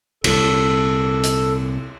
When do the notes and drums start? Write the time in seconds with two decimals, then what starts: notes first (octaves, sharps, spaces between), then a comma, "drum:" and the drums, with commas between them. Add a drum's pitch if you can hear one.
0.24 C2 A#2 A4, drum: cymbal
1.23 drum: hi-hat